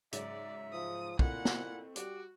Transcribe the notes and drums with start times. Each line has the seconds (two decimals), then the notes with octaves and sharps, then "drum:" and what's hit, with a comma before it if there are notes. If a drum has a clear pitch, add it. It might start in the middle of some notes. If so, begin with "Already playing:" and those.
0.13 G#2 C#3 F#3 D5 E5, drum: hi-hat
0.73 F3 D#6
1.19 A#2 A3 C4 E4 D#5 F#5, drum: kick
1.45 drum: snare
1.96 G3 F#4 G4 D6, drum: hi-hat